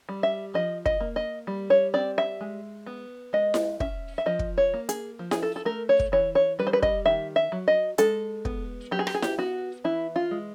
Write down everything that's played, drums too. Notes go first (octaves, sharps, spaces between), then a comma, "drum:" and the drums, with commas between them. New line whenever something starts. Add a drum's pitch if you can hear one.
G3
E5
F3 D#5
D#5, drum: kick
A#3
D#5
G3
C#5
C4 D5
E5
G#3
B3
G#3 D#5
drum: snare E4
C#4 E5, drum: kick
E5
F3 D#5
drum: kick
C#5
A#3
G#4, drum: hi-hat
F3
G#4, drum: snare E4
A4
A4
A3 A#4
C#5
drum: kick
E3 C#5
C#5
G3 B4
C5
B4
D#5, drum: kick
D#3 E5
E5
F#3
D#5
G#3 A4, drum: hi-hat
B3, drum: kick
F#3 G4
G#4
G4, drum: rim click
G#4
G4, drum: snare E4
B3 F#4
E3 E4
F4
G#3